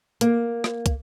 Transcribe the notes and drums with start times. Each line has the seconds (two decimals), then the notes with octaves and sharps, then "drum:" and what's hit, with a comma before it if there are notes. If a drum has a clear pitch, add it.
0.21 A#3, drum: hi-hat
0.64 drum: rim click
0.86 drum: kick, hi-hat